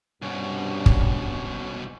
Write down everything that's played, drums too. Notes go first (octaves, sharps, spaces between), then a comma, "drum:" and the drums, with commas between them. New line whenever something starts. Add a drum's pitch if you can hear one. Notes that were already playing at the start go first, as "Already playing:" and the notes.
C2 G2 B2 C#4
drum: kick